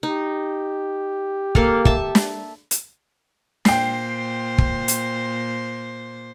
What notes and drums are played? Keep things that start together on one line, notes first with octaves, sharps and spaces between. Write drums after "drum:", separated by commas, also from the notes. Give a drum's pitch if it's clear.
D#4 G4
A#3 A4 F5, drum: kick
E5 A5, drum: kick
drum: snare
drum: hi-hat
A#2 C5 G5 C7, drum: snare
drum: kick
drum: hi-hat